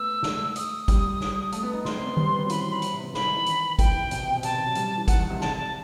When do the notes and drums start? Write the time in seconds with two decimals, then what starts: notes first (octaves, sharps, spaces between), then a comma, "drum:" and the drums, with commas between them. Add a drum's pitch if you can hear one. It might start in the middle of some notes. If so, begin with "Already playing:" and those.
Already playing: A3 B3 E6
0.23 A3, drum: snare
0.56 D#6, drum: hi-hat
0.88 G3, drum: kick, hi-hat
1.20 drum: snare
1.52 A3, drum: hi-hat
1.63 B3
1.74 D#4
1.85 D#4 C6, drum: snare
1.96 C4
2.07 B3
2.17 G3, drum: tom D#3
2.27 B3
2.39 C4
2.45 F#3
2.50 E3 B5, drum: hi-hat
2.61 F#3 C6
2.71 D#3 B5
2.82 drum: hi-hat
2.93 C3
3.03 B3
3.14 C4 B5, drum: snare
3.25 D#4
3.36 E3
3.46 D#3, drum: hi-hat
3.79 E3 G5, drum: kick, hi-hat
3.90 D#3
4.00 C3
4.11 B2, drum: hi-hat
4.22 C3
4.36 B2
4.43 C3 A5, drum: hi-hat
4.55 D#3
4.65 F#3
4.75 G3, drum: hi-hat
4.97 E3
5.08 D#3 F#5, drum: kick, hi-hat
5.20 D#3
5.30 C3
5.41 A5, drum: snare
5.57 A5